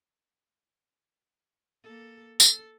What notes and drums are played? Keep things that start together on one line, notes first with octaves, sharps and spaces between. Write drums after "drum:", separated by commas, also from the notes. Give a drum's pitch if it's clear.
A#3 A4
A4, drum: tambourine